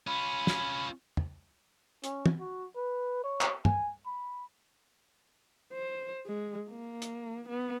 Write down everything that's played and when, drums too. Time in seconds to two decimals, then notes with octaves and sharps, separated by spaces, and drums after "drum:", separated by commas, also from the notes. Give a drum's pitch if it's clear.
0.07 C#4 F4 B5
0.47 drum: snare
1.17 drum: tom
2.04 C#4, drum: hi-hat
2.26 drum: tom
2.40 F#4
2.76 B4
3.24 C#5
3.41 drum: clap
3.65 G#5, drum: tom
4.06 B5
5.73 C5
6.27 G#3
6.70 A#3
7.02 drum: hi-hat
7.49 B3